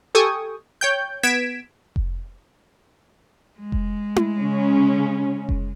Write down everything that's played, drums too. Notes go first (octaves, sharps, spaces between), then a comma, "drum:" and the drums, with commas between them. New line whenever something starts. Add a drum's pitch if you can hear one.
G4 A4 G5 G#5 C#6 D#6
C#5 G5 G6
B3 G#6 B6 D7 E7
drum: kick F1
G#3
drum: kick F1
drum: tom E4
C#3 C#4
drum: kick F1